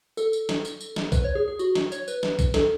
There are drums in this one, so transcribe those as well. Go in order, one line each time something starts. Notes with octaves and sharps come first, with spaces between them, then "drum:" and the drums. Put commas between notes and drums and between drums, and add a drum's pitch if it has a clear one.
A4, drum: tambourine
drum: tambourine
drum: snare
drum: tambourine
drum: tambourine
drum: snare
B4, drum: kick A#1, tambourine
C#5
G#4
G#4
F#4, drum: tambourine
drum: snare
C#5, drum: tambourine
B4, drum: tambourine
drum: snare
drum: kick A#1, tambourine
A4, drum: snare